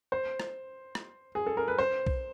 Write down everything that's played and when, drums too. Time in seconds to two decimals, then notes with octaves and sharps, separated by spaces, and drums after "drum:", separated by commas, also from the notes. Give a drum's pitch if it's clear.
0.12 C5
0.40 drum: rim click
0.95 drum: rim click
1.35 G#4
1.46 A4
1.57 A#4
1.68 B4
1.78 C5
2.06 drum: kick B1